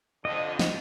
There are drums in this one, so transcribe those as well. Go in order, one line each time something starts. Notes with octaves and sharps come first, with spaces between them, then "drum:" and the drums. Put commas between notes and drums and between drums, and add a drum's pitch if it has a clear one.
F2 D3 D#5
drum: snare